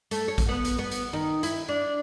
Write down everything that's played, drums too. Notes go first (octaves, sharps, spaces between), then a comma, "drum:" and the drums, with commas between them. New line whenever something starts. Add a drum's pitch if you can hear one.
A3, drum: hi-hat
C#5
drum: kick A1, hi-hat
B3
drum: hi-hat
B3
drum: hi-hat
D#3
E4, drum: hi-hat
D4